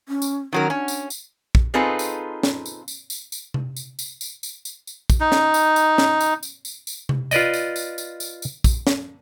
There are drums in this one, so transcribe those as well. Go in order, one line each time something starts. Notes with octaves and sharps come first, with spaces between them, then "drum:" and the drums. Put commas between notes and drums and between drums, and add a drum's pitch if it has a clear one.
C#4
drum: tambourine
D#3 F#3 C#4 A#4
C#4 D4
drum: tambourine
drum: tambourine
drum: kick
C4 D#4 F4 G#4 A4 B4
drum: tambourine
drum: snare
drum: tambourine
drum: tambourine
drum: tambourine
drum: tambourine
drum: tom C3
drum: tambourine
drum: tambourine
drum: tambourine
drum: tambourine
drum: tambourine
drum: tambourine
drum: kick, tambourine
D#4
drum: snare
drum: tambourine
drum: tambourine
drum: snare
drum: tambourine
drum: tambourine
drum: tambourine
drum: tambourine
drum: tom C3
F4 B4 D5 D#5, drum: tambourine
drum: tambourine
drum: tambourine
drum: tambourine
drum: tambourine
drum: tambourine
drum: kick, tambourine
drum: snare